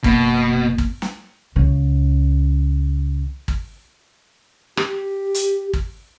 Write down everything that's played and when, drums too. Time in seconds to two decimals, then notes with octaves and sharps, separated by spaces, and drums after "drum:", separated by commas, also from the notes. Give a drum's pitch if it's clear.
0.04 F#1 B2 A#3 B3, drum: kick G#1
0.78 drum: kick G#1
1.02 drum: snare
1.56 C#2 C#3
3.48 drum: kick G#1
4.77 G4, drum: rim click
5.34 drum: hi-hat
5.73 drum: kick G#1